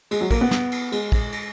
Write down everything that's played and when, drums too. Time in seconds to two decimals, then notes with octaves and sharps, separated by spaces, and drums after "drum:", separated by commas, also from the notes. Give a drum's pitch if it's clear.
0.11 G#3, drum: cymbal
0.21 F#3
0.31 A#3, drum: kick, cymbal
0.41 B3
0.51 drum: snare
0.72 drum: cymbal
0.92 G#3, drum: cymbal
1.12 drum: kick, cymbal
1.32 drum: cymbal